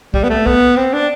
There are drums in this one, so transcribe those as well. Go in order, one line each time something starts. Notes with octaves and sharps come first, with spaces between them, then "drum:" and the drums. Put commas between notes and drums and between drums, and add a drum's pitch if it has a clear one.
G3, drum: kick
B3
A3
B3, drum: kick
C4
D4